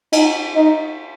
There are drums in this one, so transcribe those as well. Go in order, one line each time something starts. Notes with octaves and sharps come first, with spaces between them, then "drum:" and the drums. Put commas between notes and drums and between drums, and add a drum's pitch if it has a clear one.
D#4, drum: cymbal
D#4